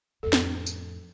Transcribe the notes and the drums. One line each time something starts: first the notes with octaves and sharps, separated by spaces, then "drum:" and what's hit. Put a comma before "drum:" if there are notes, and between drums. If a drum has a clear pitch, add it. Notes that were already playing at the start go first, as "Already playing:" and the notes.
F2 A2 A4
drum: snare
drum: tambourine